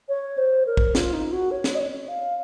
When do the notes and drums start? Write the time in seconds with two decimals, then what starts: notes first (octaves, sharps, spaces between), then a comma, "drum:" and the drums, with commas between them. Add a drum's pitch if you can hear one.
0.09 C#5
0.38 C5
0.66 A#4
0.77 drum: kick
0.95 F4, drum: snare
1.13 D#4
1.32 F#4
1.51 C#5
1.64 drum: snare
1.75 D#5
1.79 C#5
2.08 F5